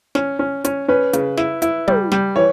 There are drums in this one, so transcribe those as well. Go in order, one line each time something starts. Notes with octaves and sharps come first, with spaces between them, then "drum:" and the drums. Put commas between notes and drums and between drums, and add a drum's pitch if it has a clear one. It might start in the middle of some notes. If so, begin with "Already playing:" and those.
C#4, drum: snare
C#4
C#4, drum: hi-hat
C#4 B4
C#3, drum: hi-hat
E4, drum: snare
E4, drum: hi-hat
G3, drum: tom
G3, drum: snare
E3 C#5